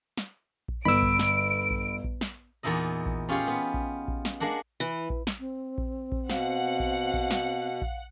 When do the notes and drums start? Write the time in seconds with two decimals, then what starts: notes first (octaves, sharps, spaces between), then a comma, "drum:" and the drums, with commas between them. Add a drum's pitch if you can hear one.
0.18 drum: snare
0.68 drum: kick A#1
0.85 G1 B5 E6 D7
1.02 drum: kick A#1
1.19 drum: snare
1.70 drum: kick A#1
2.04 drum: kick A#1
2.21 drum: snare
2.63 E2 A#2 D#4 E4 D#5
3.06 drum: kick A#1
3.29 C#4 F4 G4 G#4 C#5 C6
3.48 B3
3.74 drum: kick A#1
4.08 drum: kick A#1
4.25 drum: snare
4.40 G#3 A#3 D4 F#5
4.80 E3
5.10 drum: kick A#1
5.27 drum: snare
5.40 C4
5.78 drum: kick A#1
6.12 drum: kick A#1
6.30 B2 F5 F#5, drum: snare
6.80 drum: kick A#1
7.14 drum: kick A#1
7.31 drum: snare
7.82 drum: kick A#1